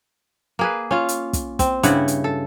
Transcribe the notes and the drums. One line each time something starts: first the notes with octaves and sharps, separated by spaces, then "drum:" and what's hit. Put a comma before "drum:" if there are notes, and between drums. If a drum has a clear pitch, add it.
A#3 G#4 B4
C#4 F4
drum: hi-hat
drum: kick, hi-hat
C4, drum: kick, hi-hat
G2 C#3 E4 F#5, drum: hi-hat
drum: hi-hat
A4